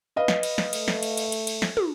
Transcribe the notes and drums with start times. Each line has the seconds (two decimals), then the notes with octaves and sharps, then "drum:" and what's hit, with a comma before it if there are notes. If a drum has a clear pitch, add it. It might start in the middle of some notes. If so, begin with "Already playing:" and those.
0.16 B4 D#5 F5
0.28 drum: snare
0.43 drum: cymbal
0.58 drum: snare
0.73 A3, drum: cymbal
0.88 drum: snare
1.03 drum: cymbal
1.17 drum: cymbal
1.32 drum: cymbal
1.47 drum: cymbal
1.62 drum: snare
1.77 drum: tom